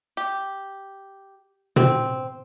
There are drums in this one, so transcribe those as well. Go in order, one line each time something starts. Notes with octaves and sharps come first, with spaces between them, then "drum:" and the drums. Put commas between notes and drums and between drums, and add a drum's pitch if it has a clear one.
G4
C4, drum: tom